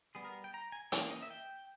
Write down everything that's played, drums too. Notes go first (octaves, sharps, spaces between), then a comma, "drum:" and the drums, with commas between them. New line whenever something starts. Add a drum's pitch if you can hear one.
G3 B3 G#4
A#4
G5
A#5
G#5
E3 A#3 C#4 G5, drum: hi-hat
D#5
E5
G5